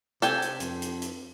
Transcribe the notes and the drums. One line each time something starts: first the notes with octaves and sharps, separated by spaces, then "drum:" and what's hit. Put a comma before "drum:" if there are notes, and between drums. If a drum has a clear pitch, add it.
C3 A4 G5 G#5, drum: hi-hat
drum: hi-hat
F2, drum: hi-hat
drum: hi-hat
drum: hi-hat